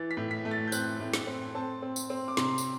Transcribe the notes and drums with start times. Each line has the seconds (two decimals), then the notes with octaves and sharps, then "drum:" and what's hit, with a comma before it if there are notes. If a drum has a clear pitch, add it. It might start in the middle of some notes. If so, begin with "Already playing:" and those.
Already playing: E3 A6
0.11 B6
0.17 A2
0.31 B6
0.45 A3
0.51 A6
0.68 G6
0.72 C4 F#6, drum: tambourine
1.00 A2
1.13 drum: snare
1.27 C4
1.55 C4 A5
1.82 C4
1.96 drum: tambourine
2.10 C4
2.28 D6
2.37 C3 C6, drum: snare
2.58 drum: tambourine